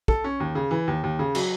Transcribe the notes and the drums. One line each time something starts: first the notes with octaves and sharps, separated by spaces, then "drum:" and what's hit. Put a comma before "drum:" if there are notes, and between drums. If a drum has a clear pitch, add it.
A4, drum: kick
C#4
D#2
C#3
E3
D#2
D#2
C#3
F#3, drum: cymbal